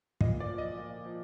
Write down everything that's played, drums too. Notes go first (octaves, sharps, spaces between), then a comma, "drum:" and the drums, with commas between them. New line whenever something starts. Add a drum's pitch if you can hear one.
A#2 D#5, drum: kick
D5
F3
D#5
A#2
F3